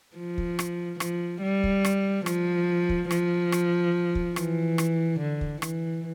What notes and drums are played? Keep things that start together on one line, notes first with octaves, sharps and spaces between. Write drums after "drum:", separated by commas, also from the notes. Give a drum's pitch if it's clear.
F3
drum: kick
drum: rim click
F3, drum: rim click
G3
drum: kick
drum: rim click
F3, drum: rim click
drum: kick
F3, drum: rim click
drum: rim click
drum: kick
E3, drum: rim click
drum: rim click
D3
drum: kick
E3, drum: rim click